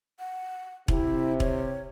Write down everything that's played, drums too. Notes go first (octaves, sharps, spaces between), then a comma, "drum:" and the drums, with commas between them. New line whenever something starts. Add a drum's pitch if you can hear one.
F#5
C3 E4, drum: kick E1
C#5, drum: kick E1